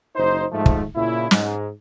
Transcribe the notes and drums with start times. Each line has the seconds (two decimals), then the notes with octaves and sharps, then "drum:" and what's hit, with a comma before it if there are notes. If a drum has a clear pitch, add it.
0.15 F#1 D#4 C5
0.52 G#2 F3 A3
0.66 drum: kick
0.95 A#2 C#3 E4
1.31 G#2, drum: snare